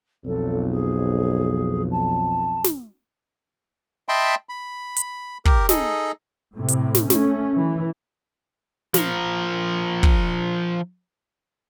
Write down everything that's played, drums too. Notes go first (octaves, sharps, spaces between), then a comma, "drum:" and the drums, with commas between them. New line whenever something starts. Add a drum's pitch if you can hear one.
B1 F2 A4
G#4
A5
drum: snare
D#5 E5 G5 A5 B5 C6
B5
drum: hi-hat
G4 A#4, drum: kick
D#4 G#4 A4 D#5, drum: snare
A2 C3
drum: hi-hat
drum: snare
A3 C#4, drum: snare
E3
F3 A#4, drum: snare
drum: kick